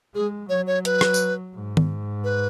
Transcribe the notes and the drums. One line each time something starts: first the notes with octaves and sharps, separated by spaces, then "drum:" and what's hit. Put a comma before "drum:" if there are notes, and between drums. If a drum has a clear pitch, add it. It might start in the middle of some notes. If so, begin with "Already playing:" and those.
G#3 G#4
F#3 C#5
C#5
B4, drum: hi-hat
drum: rim click
drum: tambourine
G#2
drum: tom D#3
B4